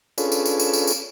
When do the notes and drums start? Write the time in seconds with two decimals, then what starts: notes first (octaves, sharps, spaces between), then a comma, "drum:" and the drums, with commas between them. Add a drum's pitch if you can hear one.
0.18 C#4 D4 F4 G#4 A4 B4, drum: tambourine
0.32 drum: tambourine
0.46 drum: tambourine
0.60 drum: tambourine
0.73 drum: tambourine
0.87 drum: tambourine